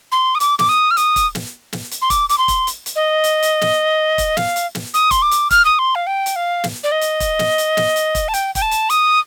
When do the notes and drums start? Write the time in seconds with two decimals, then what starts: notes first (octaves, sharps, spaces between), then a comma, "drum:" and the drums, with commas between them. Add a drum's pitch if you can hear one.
0.12 C6
0.35 D#6
0.40 D6, drum: hi-hat
0.59 D6, drum: snare
0.69 D#6
0.91 F6
0.97 D#6, drum: hi-hat
1.16 drum: kick, hi-hat
1.35 drum: snare
1.73 drum: snare
1.91 drum: hi-hat
2.02 C6
2.10 D6, drum: kick, hi-hat
2.29 D6, drum: hi-hat
2.38 C6
2.48 drum: kick, hi-hat
2.67 drum: hi-hat
2.86 drum: hi-hat
2.96 D#5
3.24 drum: hi-hat
3.43 drum: hi-hat
3.61 drum: snare
4.18 drum: kick, hi-hat
4.37 F5, drum: snare
4.56 drum: hi-hat
4.75 drum: snare
4.94 D#6, drum: hi-hat
5.11 C6, drum: kick, hi-hat
5.22 D6
5.31 drum: hi-hat
5.50 F6, drum: kick, hi-hat
5.65 D#6
5.79 C6
5.95 F5
6.07 G5
6.26 drum: hi-hat
6.36 F5
6.64 drum: snare
6.83 D5
6.92 D#5
7.01 drum: hi-hat
7.20 drum: kick, hi-hat
7.39 drum: snare
7.58 drum: hi-hat
7.77 drum: snare
7.96 drum: hi-hat
8.15 drum: kick, hi-hat
8.28 A5
8.34 G5, drum: hi-hat
8.55 G5, drum: kick, hi-hat
8.62 A5
8.71 drum: hi-hat
8.90 D#6, drum: hi-hat